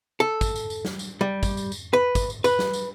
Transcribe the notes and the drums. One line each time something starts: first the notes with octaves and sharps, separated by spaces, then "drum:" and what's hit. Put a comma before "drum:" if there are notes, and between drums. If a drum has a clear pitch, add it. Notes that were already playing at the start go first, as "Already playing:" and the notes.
A4
drum: kick, tambourine
drum: tambourine
drum: tambourine
drum: snare
drum: tambourine
G3
drum: kick, tambourine
drum: tambourine
drum: tambourine
B4
drum: kick, tambourine
drum: tambourine
B4, drum: tambourine
drum: snare
drum: tambourine